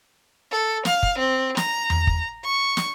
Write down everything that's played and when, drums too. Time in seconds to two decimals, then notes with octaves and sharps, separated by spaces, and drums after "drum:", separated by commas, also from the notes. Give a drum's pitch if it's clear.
0.51 A4
0.85 F5, drum: snare
1.03 drum: kick
1.18 C4
1.57 A#5, drum: snare
1.90 drum: tom E2
2.07 drum: kick
2.44 C#6
2.77 drum: snare